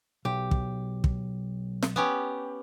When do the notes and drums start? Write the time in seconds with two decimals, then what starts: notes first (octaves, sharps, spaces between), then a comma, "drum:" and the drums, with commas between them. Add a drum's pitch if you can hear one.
0.25 B1 G4
0.51 drum: kick
1.04 drum: kick
1.83 drum: snare
1.96 B3 C#4 G4